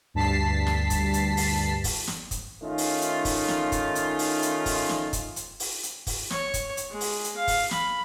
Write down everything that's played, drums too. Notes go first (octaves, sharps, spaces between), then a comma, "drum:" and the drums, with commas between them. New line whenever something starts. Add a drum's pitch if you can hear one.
D2 G2 A5 B6 C7
drum: snare
drum: kick, hi-hat
drum: hi-hat
drum: open hi-hat
drum: kick, open hi-hat
drum: snare
drum: kick, hi-hat
D#3 A3 C#4 D#4 F4
drum: open hi-hat
drum: hi-hat
drum: kick, open hi-hat
drum: snare
drum: kick, hi-hat
drum: hi-hat
drum: open hi-hat
drum: hi-hat
drum: kick, open hi-hat
drum: snare
drum: kick, hi-hat
drum: hi-hat
drum: open hi-hat
drum: hi-hat
drum: kick, open hi-hat
C#5, drum: snare
drum: kick, hi-hat
drum: hi-hat
G#3
drum: open hi-hat
drum: hi-hat
F5
drum: kick, open hi-hat
B5, drum: snare